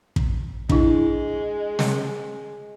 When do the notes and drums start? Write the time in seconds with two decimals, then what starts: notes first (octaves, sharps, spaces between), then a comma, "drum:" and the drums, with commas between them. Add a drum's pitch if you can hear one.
0.16 drum: kick
0.69 G#3 D4 E4, drum: kick
1.79 drum: snare